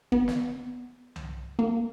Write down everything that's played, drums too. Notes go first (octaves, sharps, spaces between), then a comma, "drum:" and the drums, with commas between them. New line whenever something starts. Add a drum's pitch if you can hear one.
B3, drum: kick
drum: snare
drum: tom C2
A#3